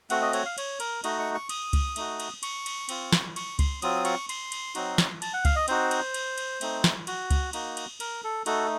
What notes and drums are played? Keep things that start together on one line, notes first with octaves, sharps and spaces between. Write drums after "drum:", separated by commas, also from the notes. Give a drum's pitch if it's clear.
A3 C4 F#4 F#5, drum: cymbal
D#5
C#5, drum: cymbal
F5
C#5, drum: cymbal
A#4, drum: cymbal
A3 D#4 F#4 D#5, drum: cymbal
C#6
C#6
D#6, drum: cymbal
drum: kick C#2, cymbal
A3 D#4 F#4, drum: cymbal
drum: cymbal
C#6, drum: cymbal
drum: cymbal
C4 F4, drum: cymbal
drum: snare
C#6, drum: cymbal
C6, drum: kick C#2, cymbal
F#3 C4 F4 D#6, drum: cymbal
C#6, drum: cymbal
C6, drum: cymbal
drum: cymbal
F#3 C4 D#4 F#4, drum: cymbal
drum: snare
A5, drum: cymbal
F#5
F5, drum: kick C#2, cymbal
D#5
C4 D#4 F#4 C5, drum: cymbal
drum: cymbal
drum: cymbal
drum: cymbal
A3 C4 D#4, drum: cymbal
drum: snare
F#4, drum: cymbal
drum: kick C#2, cymbal
A#3 D#4 F#4, drum: cymbal
drum: cymbal
A#4, drum: cymbal
A4
A3 D#4 F#4 A4, drum: cymbal